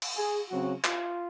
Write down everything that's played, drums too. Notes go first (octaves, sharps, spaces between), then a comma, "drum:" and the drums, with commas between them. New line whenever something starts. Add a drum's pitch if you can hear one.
drum: cymbal
G#4
C#3 F#3 C4 F#4
F4, drum: clap